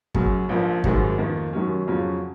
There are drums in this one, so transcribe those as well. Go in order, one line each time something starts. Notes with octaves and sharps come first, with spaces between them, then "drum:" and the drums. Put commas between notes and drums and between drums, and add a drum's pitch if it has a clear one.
F#2 C#3 F#3 C#4, drum: kick
A#1 A#2 F3 A#3
G#1 F#2 D#3 G#3, drum: kick
F2 D#3 A#3
F#2 D#3 F#3 C#4
F2 C#3 F#3 C#4 F4